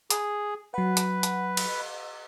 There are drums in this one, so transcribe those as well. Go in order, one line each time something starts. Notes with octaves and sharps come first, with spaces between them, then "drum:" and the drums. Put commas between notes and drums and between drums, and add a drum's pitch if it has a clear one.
G#4, drum: hi-hat
F#3 B4 F#5
drum: hi-hat
drum: hi-hat
drum: cymbal